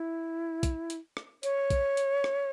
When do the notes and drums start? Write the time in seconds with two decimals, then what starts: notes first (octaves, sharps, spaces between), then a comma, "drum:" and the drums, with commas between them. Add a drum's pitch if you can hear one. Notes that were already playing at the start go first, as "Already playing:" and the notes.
Already playing: E4
0.63 drum: kick, hi-hat
0.90 drum: hi-hat
1.17 drum: rim click
1.43 C#5, drum: hi-hat
1.70 drum: kick, hi-hat
1.97 drum: hi-hat
2.24 drum: rim click